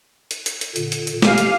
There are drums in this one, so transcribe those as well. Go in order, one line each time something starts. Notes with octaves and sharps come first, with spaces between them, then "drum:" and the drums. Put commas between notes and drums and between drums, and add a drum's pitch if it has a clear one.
drum: hi-hat
drum: hi-hat
drum: hi-hat
A#2 D3, drum: hi-hat
drum: hi-hat
drum: hi-hat
G4 F5 G#5, drum: snare
drum: hi-hat